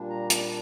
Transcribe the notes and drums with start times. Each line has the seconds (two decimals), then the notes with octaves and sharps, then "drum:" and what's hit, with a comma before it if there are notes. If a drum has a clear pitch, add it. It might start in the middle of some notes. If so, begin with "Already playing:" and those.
Already playing: A#2 G3 D4
0.10 A#5
0.30 A5, drum: hi-hat